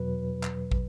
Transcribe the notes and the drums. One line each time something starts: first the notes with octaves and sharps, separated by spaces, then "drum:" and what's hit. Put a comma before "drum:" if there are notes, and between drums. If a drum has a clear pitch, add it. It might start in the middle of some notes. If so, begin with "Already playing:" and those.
Already playing: E2 B2 F#3 B4
drum: clap
drum: kick